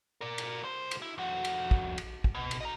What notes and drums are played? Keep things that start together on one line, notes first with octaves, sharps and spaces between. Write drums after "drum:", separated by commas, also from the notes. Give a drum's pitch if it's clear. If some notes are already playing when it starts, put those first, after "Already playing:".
A#4 D5
drum: cymbal
C2 C5
drum: cymbal
E4
F2 F#4
drum: cymbal
drum: kick
drum: cymbal
drum: kick
B2
drum: cymbal
D#5 A#5